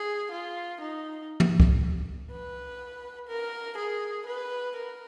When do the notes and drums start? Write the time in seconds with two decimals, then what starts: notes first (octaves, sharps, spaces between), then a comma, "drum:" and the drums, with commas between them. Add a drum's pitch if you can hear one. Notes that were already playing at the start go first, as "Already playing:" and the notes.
Already playing: G#4
0.32 F4
0.81 D#4
1.40 drum: tom
1.60 drum: kick C2
2.30 B4
3.28 A#4
3.78 G#4
4.27 B4
4.76 A#4